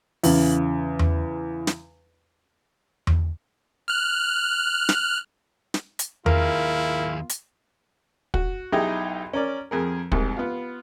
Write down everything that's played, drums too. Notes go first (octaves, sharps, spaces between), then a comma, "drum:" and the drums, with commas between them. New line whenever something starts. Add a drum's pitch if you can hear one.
E2 C#3, drum: open hi-hat
drum: tom E2
drum: snare
drum: tom E2
F6 F#6
drum: snare
drum: snare
drum: hi-hat
D#2 E4 F4 G#4 A#4, drum: tom E2
drum: hi-hat
F#4, drum: kick
B1 D#4 E4 G4 G#4 D#5
C#4 A#4 D5
F2 G#4 A#4
C2 G#2, drum: kick
B3 F4